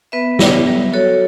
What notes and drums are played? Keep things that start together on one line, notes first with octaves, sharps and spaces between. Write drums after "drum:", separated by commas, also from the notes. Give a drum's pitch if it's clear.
B3 B4 E5
F#3, drum: snare
F#3
F#4 A4 C#5